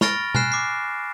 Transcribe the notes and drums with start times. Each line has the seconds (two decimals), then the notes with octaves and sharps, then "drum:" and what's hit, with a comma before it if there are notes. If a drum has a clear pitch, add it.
0.01 B5 C#6 F6 A6 A#6 D7, drum: snare
0.35 G#5 F6 F#6 C7 E7, drum: tom B2
0.52 D6 C7